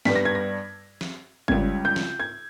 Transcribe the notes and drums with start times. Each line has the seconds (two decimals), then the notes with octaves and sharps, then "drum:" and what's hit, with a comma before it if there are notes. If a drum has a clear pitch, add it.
0.05 G2 G3 B3 B6, drum: snare
0.15 A#6
0.25 G#6
0.35 A#6
1.01 drum: snare
1.48 C#2 C#3 G3 G#6, drum: kick G1
1.85 G6
1.96 drum: snare
2.20 G#6